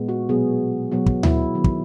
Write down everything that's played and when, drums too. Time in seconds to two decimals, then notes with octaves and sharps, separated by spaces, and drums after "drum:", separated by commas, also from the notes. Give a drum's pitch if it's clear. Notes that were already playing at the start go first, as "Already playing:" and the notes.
Already playing: A#2 G#3 B3
0.09 F#4
0.29 B2 F#3 B3 G#4
0.92 B2 F#3 B3 F#4
1.06 drum: kick
1.23 E4, drum: tom D2
1.55 D#3 F#3 B3
1.64 drum: kick